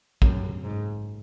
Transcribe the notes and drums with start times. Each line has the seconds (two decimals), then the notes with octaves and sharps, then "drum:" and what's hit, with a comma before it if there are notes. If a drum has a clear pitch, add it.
0.22 F#2, drum: kick
0.64 G#2